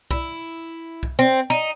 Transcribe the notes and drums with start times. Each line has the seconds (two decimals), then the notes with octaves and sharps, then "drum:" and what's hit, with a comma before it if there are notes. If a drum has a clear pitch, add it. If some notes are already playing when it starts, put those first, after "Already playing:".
0.11 E4, drum: kick B1
1.03 drum: kick B1
1.19 C4
1.50 D#4